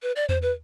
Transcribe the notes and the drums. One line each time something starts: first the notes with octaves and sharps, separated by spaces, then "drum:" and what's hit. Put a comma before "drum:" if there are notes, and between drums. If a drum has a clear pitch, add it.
B4
D5
C5, drum: tom E2
B4